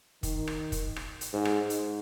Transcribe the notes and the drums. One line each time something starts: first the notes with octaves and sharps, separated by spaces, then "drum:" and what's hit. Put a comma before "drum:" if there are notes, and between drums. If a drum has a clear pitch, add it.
D#3, drum: kick, hi-hat
drum: rim click
drum: kick, hi-hat
drum: rim click
drum: hi-hat
G#2
drum: rim click
G#2, drum: hi-hat